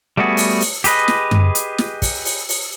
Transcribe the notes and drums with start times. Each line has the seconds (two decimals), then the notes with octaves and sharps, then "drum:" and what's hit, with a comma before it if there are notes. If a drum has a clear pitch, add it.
0.17 G3 A3 B3 F#4 G#4
0.37 drum: open hi-hat
0.61 drum: open hi-hat
0.84 G4 G#4 B4 D#5, drum: hi-hat
1.08 drum: snare
1.31 drum: tom F#2
1.55 drum: hi-hat
1.78 drum: snare
2.02 drum: kick, open hi-hat
2.25 drum: open hi-hat
2.49 drum: open hi-hat